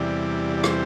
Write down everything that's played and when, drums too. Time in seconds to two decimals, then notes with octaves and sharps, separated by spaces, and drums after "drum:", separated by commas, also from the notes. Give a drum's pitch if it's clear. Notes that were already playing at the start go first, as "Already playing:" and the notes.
Already playing: E2 C3 E3 G3 D5
0.58 D5
0.64 C5, drum: rim click